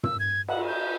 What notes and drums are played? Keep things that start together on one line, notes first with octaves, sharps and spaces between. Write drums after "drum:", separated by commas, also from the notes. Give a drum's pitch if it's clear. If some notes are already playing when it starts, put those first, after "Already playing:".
E6, drum: tom
G#6
F#5, drum: cymbal
G6